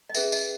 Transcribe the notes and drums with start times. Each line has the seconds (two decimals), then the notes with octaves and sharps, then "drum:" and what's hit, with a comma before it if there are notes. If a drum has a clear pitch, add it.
0.09 D#5
0.14 C#4 G#4 B4 E5, drum: tambourine
0.32 D#5, drum: tambourine